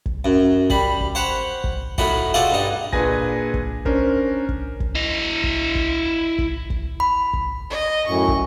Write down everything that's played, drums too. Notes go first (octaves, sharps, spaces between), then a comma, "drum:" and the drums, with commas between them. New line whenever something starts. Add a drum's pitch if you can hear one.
drum: kick
F#2
G3 B5, drum: kick
drum: kick
C5 C#5 F#5 B5
drum: kick
A2 F#3 D#4 F#4 B5, drum: kick
F4 F#4 G#4 A4 D5 D#5
G2 D#4
A#2 D4 G#4 B4 G#5 A#6, drum: kick
drum: kick
C#4 D4 A#4 C5, drum: kick
drum: kick
drum: kick
E4 D#5
drum: kick
drum: kick
drum: kick
drum: kick
B5
drum: kick
D#5
F#2 A2 C#6
drum: kick